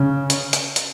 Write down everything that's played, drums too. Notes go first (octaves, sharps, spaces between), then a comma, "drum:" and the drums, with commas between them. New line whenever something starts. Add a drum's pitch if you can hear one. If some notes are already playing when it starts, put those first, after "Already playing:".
Already playing: C#3
drum: hi-hat
drum: hi-hat
drum: hi-hat